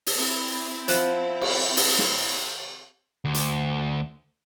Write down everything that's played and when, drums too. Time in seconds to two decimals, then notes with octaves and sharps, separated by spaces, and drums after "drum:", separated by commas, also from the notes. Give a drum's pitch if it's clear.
0.06 drum: open hi-hat
0.16 C4 E4
0.88 F3 F#5, drum: hi-hat
1.41 drum: cymbal
1.77 drum: open hi-hat
1.99 drum: snare
3.25 D2
3.34 drum: hi-hat